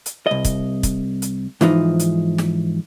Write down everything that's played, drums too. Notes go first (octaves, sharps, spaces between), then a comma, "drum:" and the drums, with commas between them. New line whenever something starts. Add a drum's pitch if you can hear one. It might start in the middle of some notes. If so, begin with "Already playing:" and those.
drum: hi-hat
C2 D#5
drum: kick, hi-hat
drum: kick, hi-hat
drum: hi-hat
G#2 E3 F3 D#4, drum: snare
drum: hi-hat
drum: snare